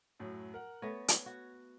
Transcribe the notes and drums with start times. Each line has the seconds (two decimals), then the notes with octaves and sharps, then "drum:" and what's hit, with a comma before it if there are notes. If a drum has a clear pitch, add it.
0.20 F#2 A2 F#3
0.54 A#4 F#5
0.82 A3 B3 C#5 A#6
1.08 drum: hi-hat
1.26 F#4